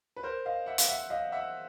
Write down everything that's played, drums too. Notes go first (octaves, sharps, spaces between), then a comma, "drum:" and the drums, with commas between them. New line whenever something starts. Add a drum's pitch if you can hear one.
B4
A#4 C5
D#5 F5
E5 F#5
F5, drum: hi-hat
E5 F#5
D#5 F5
E5 F#5